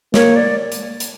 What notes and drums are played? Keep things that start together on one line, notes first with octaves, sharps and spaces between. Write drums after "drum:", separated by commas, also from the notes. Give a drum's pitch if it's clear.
A#3 C#5, drum: snare
D5
drum: hi-hat
drum: hi-hat